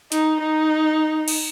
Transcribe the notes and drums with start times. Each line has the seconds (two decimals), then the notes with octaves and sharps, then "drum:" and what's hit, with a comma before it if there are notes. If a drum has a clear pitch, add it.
0.12 D#4, drum: hi-hat
0.40 D#4
1.28 drum: cymbal